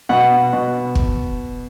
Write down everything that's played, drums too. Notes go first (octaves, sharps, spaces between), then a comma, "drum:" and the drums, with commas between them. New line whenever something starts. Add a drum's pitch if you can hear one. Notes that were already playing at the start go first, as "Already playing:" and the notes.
B2 F#5
B2
drum: kick